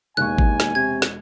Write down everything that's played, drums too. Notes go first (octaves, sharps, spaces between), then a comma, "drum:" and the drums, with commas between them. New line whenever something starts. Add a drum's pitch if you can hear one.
E1 D#2 F5 G#5 C#6 F#6
drum: kick G#1
drum: snare
C3 G#6
drum: snare